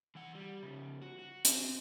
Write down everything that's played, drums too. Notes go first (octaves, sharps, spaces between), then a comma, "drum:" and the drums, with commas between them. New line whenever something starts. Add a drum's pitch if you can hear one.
E3 F#5
G3
C#3 F3
F#4
F#4
C4, drum: hi-hat